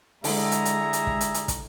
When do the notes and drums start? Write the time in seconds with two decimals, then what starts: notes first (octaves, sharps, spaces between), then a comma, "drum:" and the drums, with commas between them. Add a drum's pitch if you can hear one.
0.24 D3 G3 G#3 E4 G#4 E5 A#5, drum: open hi-hat
0.52 drum: hi-hat
0.65 drum: hi-hat
0.93 drum: hi-hat
1.07 drum: kick
1.21 drum: hi-hat
1.34 drum: hi-hat
1.48 drum: kick, hi-hat